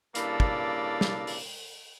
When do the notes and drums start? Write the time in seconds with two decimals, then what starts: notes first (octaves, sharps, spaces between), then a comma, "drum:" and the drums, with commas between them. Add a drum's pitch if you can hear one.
0.15 G2 C#3 A#3 E4 A4 D5, drum: hi-hat
0.40 drum: kick
1.01 drum: snare
1.27 drum: open hi-hat